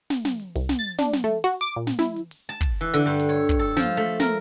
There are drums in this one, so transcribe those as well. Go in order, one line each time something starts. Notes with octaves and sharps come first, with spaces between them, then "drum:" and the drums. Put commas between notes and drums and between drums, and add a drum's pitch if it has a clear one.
drum: snare
drum: snare
drum: hi-hat
C2, drum: open hi-hat
drum: snare
A6
D4, drum: snare
drum: snare
A3
F#4, drum: open hi-hat
D6
A#2
drum: snare
E4, drum: snare
drum: hi-hat
drum: open hi-hat
A5
drum: kick, hi-hat
E3
D3
G2, drum: hi-hat
drum: open hi-hat
C#5
drum: kick, hi-hat
A4
F3, drum: snare
A3
A#4, drum: snare